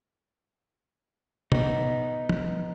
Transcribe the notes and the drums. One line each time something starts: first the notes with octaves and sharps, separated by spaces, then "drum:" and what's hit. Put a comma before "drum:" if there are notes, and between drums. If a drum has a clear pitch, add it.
B3 D#4, drum: tom
drum: tom